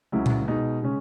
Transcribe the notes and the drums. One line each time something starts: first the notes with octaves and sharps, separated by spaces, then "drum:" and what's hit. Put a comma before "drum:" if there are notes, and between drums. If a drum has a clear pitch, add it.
C#2 C#3 F#3 C#4 E4
drum: tom A#2
B2 G#3 D#4
C#3 G#3 C#4